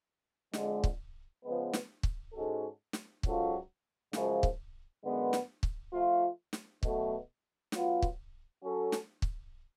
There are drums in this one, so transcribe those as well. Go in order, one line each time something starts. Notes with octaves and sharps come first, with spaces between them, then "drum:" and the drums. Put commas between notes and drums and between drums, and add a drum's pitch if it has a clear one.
F2 D3 G#3, drum: snare
drum: kick
C#3 F3 G#3 B3
drum: snare
drum: kick
G#2 G#3 C#4 F#4 A4
drum: snare
G#2 F#3 C#4 F4 A4, drum: kick
F#2 C#3 F3 G#3, drum: snare
drum: kick
F#2 D3 G#3 B3
drum: snare
drum: kick
F3 A3 F4
drum: snare
B2 F#3 A3, drum: kick
F#3 B3 F4, drum: snare
drum: kick
F#3 C#4 F#4 A4
drum: snare
drum: kick